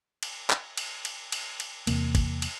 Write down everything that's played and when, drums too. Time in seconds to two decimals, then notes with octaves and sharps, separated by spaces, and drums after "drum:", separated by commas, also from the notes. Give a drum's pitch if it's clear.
0.23 drum: cymbal
0.50 drum: clap
0.77 drum: cymbal
1.05 drum: cymbal
1.32 drum: cymbal
1.60 drum: cymbal
1.87 E2 C3 A#3, drum: cymbal
2.15 drum: kick, cymbal
2.42 drum: cymbal